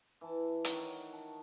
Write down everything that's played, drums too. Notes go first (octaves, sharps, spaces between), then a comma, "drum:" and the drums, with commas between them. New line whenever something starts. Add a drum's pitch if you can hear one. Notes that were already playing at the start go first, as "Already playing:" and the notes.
E3 A5
D#3 A#4 C#5 F#5, drum: hi-hat
A5